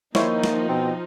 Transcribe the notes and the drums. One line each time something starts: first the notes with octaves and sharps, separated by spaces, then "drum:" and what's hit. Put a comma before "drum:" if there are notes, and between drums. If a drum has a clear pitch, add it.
D#3 F3 A#3 D#4 E4 C5 C#5, drum: snare
drum: snare
B2 C4